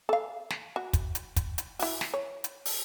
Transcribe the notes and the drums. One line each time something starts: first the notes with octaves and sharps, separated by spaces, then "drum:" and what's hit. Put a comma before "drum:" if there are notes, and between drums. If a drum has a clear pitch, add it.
A4 F5
drum: snare
F#4
drum: kick, hi-hat
drum: hi-hat
drum: kick, hi-hat
drum: hi-hat
E4 F#4, drum: open hi-hat
drum: snare
C#5
drum: hi-hat
drum: open hi-hat